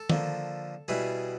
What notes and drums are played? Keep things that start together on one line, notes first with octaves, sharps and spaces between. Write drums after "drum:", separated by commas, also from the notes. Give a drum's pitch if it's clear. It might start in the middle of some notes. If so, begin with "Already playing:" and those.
Already playing: A4
D3 F3 A#3, drum: tom D#3
B2 G3 B3 E4 G#4